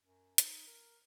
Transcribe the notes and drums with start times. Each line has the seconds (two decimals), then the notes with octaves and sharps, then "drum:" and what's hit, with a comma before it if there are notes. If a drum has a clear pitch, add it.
0.03 F#2
0.38 D#4, drum: hi-hat
0.67 A#4